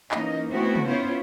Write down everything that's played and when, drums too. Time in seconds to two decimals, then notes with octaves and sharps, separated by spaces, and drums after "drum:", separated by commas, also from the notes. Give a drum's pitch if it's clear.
0.11 E3 A#3 C#4 D#4 D#5, drum: clap
0.51 A3 B3 C4 E4 F#4
0.75 drum: tom
0.86 B3 C#4 E4 F4 C5 C#5